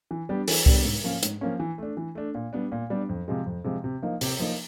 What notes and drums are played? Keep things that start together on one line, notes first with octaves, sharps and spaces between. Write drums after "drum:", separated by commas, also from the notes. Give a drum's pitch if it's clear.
E3
G3 B3 D4 G4
E3, drum: open hi-hat
G3 B3 D4 G4, drum: kick C2
G#2
F3 A#3 C#4
G#2, drum: hi-hat
F3 A#3 C#4
E3
A3 D4
E3
A3 D4
A#2
G3 B3 D4
A#2
G3 B3 D4
F2
C3 F3 G#3
F2
C3 F3 G#3
C3
F3 A#3 D#4
C3, drum: open hi-hat
F3 A#3 D#4